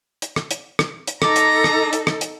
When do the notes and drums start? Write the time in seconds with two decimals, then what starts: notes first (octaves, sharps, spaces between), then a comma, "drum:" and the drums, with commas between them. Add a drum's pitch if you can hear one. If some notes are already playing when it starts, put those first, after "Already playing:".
0.22 drum: hi-hat
0.36 drum: rim click
0.51 drum: hi-hat
0.79 drum: rim click
1.07 drum: hi-hat
1.22 D#4 A4 A#5 D6, drum: rim click
1.36 drum: hi-hat
1.64 drum: rim click
1.93 drum: hi-hat
2.07 drum: rim click
2.21 drum: hi-hat